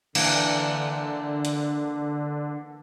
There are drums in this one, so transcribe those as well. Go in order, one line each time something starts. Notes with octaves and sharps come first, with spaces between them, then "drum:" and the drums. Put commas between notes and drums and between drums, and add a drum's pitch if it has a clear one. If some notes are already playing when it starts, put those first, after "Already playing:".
D3 E3 A#3 D4, drum: cymbal
drum: hi-hat